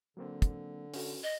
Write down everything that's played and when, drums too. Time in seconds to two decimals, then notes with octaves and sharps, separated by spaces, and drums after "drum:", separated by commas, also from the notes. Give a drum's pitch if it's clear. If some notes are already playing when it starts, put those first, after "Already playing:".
0.17 D3 F#3 A#3 C4
0.42 drum: kick, hi-hat
0.94 C#4 F#4 A4, drum: open hi-hat
1.23 D#5